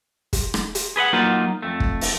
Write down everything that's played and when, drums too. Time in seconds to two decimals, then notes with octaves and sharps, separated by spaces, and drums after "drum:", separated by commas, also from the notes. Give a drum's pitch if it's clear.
0.33 drum: kick, hi-hat
0.54 drum: rim click
0.75 drum: hi-hat
0.96 G#4 B4 D#5 F#5
1.13 F#3 A#3 D#4 F4
1.62 F2 A3
1.80 drum: kick
2.01 drum: open hi-hat